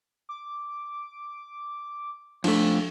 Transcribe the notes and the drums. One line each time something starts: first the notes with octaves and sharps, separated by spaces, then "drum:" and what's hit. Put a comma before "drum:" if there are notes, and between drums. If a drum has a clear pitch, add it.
D6
F2 A3 D4, drum: cymbal